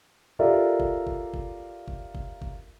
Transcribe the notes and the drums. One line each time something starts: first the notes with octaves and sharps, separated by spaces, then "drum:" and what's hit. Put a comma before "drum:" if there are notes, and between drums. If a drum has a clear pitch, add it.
F4 G4 A4 A#4 D5 E5
drum: kick G1
drum: kick G1
drum: kick G1
drum: kick G1
drum: kick G1
drum: kick G1